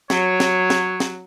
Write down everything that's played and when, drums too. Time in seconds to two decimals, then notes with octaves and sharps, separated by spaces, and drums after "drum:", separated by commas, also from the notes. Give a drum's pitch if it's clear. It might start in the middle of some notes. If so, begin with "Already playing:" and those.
0.10 F#3 C#5, drum: snare
0.40 drum: snare
0.70 drum: snare
1.00 drum: snare